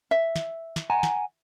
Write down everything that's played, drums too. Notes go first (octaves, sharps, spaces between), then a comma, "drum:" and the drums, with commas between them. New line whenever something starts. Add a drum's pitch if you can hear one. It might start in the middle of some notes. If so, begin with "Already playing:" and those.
E5
drum: snare
drum: snare
F#5 G#5 A#5
drum: snare